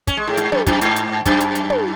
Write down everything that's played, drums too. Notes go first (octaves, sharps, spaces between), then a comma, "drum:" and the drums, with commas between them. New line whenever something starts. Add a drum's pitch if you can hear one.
C#4, drum: kick, hi-hat
G#3
A2
G#2, drum: hi-hat
F#2, drum: tom
F#2, drum: kick, hi-hat
G#2, drum: hi-hat
drum: hi-hat
F#2, drum: kick, hi-hat
drum: hi-hat
drum: hi-hat
drum: tom